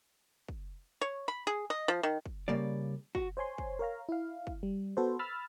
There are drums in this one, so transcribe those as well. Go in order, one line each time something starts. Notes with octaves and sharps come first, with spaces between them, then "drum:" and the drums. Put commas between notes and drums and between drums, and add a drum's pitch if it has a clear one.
drum: kick
C#5
B5
G#4
D#5
F3
D#3
drum: kick
C#3 G3 A#3 D5
F#4, drum: kick
C5 C#5 G#5 C6
drum: kick
A#4 C#5 F5 A#5
E4 F5
drum: kick
G3
B3 F#4 A4 B4 C5
B5 E6 F6 A6